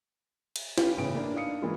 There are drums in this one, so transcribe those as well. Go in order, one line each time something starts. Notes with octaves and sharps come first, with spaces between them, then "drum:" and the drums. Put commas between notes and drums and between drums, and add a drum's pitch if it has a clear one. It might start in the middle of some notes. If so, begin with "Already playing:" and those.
drum: cymbal
C#4 F4 G4 B4, drum: snare
A1 C#3 B3 C#4 C#5 D7
A#3 D4 E4
D4 D#4 F5 D#6 C#7
E3 G#3 A#3 E4 F4